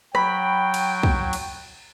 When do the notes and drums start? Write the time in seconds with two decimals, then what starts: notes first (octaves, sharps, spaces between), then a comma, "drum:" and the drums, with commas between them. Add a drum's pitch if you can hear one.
0.15 F#3 G5 B5, drum: rim click
0.74 drum: cymbal
1.03 drum: kick
1.33 drum: cymbal